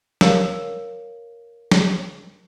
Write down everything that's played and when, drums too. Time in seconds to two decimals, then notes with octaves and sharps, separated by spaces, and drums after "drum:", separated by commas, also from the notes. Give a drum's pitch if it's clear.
0.21 A#4 C#5 F5 E6, drum: snare
1.71 drum: snare